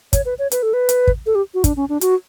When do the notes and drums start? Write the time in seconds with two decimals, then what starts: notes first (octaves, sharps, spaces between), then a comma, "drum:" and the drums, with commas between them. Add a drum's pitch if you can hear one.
0.13 C#5, drum: kick, hi-hat
0.25 B4
0.39 C#5
0.52 B4, drum: hi-hat
0.63 A4
0.74 B4
0.89 drum: hi-hat
1.07 drum: kick
1.26 A4
1.35 G4
1.54 F#4
1.64 D4, drum: kick, hi-hat
1.76 C#4
1.89 D4
2.01 F#4, drum: hi-hat